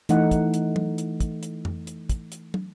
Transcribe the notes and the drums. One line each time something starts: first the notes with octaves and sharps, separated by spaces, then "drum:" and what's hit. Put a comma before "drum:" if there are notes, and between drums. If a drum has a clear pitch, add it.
E3 A3 D#4 F#5, drum: hi-hat
drum: kick, hi-hat
drum: hi-hat
drum: tom
drum: hi-hat
drum: kick, hi-hat
drum: hi-hat
drum: tom F2
drum: hi-hat
drum: kick, hi-hat
drum: hi-hat
drum: tom